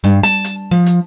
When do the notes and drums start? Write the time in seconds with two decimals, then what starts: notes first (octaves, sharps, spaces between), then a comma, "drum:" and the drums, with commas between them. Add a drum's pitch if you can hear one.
0.04 G2
0.23 A5, drum: hi-hat
0.44 drum: hi-hat
0.71 F3
0.86 drum: hi-hat